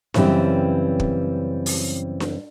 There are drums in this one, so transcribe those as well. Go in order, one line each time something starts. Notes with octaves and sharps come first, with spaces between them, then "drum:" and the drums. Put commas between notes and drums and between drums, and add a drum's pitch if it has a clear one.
F#2 C#3 E3 G3 C4, drum: snare D4
drum: kick
drum: open hi-hat
drum: snare D4